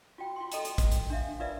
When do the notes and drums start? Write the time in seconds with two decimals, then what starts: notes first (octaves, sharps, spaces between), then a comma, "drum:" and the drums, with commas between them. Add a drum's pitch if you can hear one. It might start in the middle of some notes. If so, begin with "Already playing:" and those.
0.18 F4 F#4 G5
0.36 F4 G5 C6
0.52 A4 D#5 G5 A#5, drum: hi-hat
0.65 drum: hi-hat
0.78 drum: kick, hi-hat
0.92 drum: hi-hat
1.10 D4 E5 F5
1.40 F4 A#4 B4 D5 E5